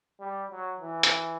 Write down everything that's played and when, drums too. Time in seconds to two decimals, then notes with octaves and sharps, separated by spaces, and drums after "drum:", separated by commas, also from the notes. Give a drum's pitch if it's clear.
0.20 G3
0.51 F#3
0.81 E3
1.03 drum: hi-hat